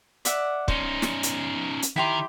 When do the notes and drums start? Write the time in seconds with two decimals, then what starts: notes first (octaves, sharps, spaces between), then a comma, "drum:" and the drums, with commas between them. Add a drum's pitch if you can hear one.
0.25 D5 E5 F#5, drum: hi-hat
0.68 C#4 D#4 C5, drum: kick
1.02 drum: snare
1.23 drum: hi-hat
1.82 drum: hi-hat
1.96 D#3 E4 G4 A#5 C6